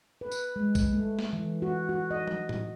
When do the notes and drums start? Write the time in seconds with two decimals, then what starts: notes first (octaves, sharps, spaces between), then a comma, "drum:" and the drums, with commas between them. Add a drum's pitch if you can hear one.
0.21 B4
0.32 drum: tambourine
0.56 G#3
0.75 drum: kick, tambourine
0.93 A3
1.19 drum: snare
1.33 E3
1.62 F#4
1.89 F#4
2.11 D#5
2.27 drum: tom
2.49 drum: tom A2